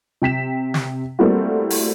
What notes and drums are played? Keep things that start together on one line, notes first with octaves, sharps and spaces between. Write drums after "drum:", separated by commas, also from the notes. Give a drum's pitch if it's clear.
C3 G5 B6 E7
drum: snare
G3 A3 A#3 C4 E4 F#4
drum: open hi-hat